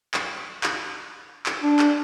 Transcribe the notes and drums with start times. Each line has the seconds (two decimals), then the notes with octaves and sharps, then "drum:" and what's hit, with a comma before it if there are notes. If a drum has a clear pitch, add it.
0.14 drum: clap
0.63 drum: clap
1.46 drum: clap
1.62 D4
1.79 drum: clap